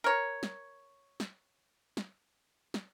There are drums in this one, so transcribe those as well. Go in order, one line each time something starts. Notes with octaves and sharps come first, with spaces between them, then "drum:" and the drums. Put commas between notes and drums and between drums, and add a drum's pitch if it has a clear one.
A#4 C#5
drum: snare
drum: snare
drum: snare
drum: snare